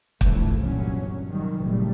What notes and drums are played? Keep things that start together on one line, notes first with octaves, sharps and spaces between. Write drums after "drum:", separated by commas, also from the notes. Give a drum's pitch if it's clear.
G1 C2 F2 E3 A3, drum: kick
G1 A#2 F#3 C#4
C3 D#3 F#3 G3
F#1 A#2 G3 A3